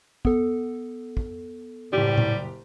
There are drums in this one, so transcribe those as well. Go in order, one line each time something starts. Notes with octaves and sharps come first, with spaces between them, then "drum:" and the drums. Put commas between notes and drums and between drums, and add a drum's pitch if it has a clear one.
B3 A4, drum: kick
drum: kick
F#1 A2 G3 G4
drum: tom A#2